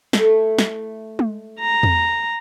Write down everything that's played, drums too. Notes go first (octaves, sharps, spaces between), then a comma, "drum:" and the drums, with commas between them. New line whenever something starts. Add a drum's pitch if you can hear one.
A3 E4 A4, drum: snare
drum: snare
drum: tom G#3
A#5
drum: tom E2